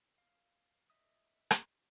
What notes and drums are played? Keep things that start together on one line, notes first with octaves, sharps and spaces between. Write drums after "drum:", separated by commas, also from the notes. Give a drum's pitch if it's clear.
F5
D#5 E5 D#6
drum: rim click